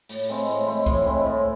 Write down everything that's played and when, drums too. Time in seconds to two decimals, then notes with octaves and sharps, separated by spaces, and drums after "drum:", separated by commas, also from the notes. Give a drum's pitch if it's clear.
0.09 A2, drum: open hi-hat
0.29 G#3 C4 E4
0.48 A2
0.66 G#3 C4 E4
0.86 A2, drum: kick C2, hi-hat
1.06 G#3 C4 E4
1.26 A2